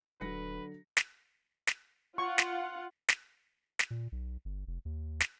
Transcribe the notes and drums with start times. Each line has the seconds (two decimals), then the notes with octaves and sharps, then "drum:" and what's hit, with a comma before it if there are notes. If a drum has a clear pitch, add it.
0.21 D#1 D3 F#3 B4 A#6 C#7
0.97 drum: snare
1.67 drum: snare
2.18 F4 F#5 C#6
2.38 drum: snare
3.09 drum: snare
3.79 drum: snare
3.90 A#2
4.12 B1
4.45 G1
4.67 F1
4.85 D#2
5.20 drum: snare